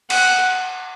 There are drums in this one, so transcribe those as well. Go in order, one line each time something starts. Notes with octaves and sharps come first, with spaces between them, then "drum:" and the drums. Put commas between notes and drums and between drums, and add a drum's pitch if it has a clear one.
F#5, drum: cymbal